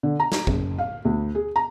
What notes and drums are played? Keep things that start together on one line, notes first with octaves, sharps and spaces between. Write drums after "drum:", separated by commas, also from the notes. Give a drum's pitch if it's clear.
D3
A#5
drum: snare
F#1, drum: kick
F5
D2
G#4
A#5